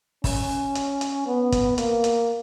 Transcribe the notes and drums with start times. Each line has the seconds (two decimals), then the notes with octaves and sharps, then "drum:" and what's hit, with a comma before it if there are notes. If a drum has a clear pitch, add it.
0.24 C#4, drum: kick, open hi-hat
0.75 drum: hi-hat
1.01 drum: hi-hat
1.27 B3
1.52 drum: kick, hi-hat
1.78 A#3, drum: hi-hat
2.04 drum: hi-hat